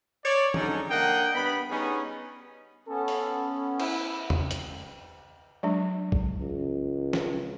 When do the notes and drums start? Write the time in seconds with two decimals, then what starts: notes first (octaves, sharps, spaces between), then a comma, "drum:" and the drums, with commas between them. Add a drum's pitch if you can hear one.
0.24 C#5 D5
0.54 G#2 D3 F#3 C#4 D#4, drum: tom
0.90 A#3 D4 D#5 F#5 G5
1.35 G2 B3 B5
1.70 G3 B3 C#4 D#4 G#4
2.88 B3 C#4 A4
3.08 drum: open hi-hat
3.80 E4, drum: cymbal
4.30 drum: tom
4.51 drum: hi-hat
5.63 F#3 G#3 D4
6.12 drum: kick
6.40 C#2
7.13 drum: snare